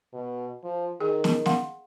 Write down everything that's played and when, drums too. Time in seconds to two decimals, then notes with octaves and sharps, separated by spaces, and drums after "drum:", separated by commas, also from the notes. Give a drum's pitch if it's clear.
0.13 B2
0.63 F3
1.01 D#3 G#4
1.24 drum: snare
1.46 F5 F#5 C6, drum: snare